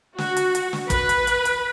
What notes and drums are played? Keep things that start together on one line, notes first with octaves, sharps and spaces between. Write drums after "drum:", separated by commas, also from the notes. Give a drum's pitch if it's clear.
F#4, drum: snare
drum: hi-hat
drum: hi-hat
drum: snare
B4, drum: kick, hi-hat
drum: hi-hat
drum: hi-hat
drum: hi-hat